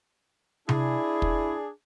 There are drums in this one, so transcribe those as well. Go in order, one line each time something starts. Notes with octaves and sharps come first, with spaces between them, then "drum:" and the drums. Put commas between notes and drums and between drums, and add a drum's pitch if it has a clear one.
D4 E4 G#4, drum: tom C3
drum: kick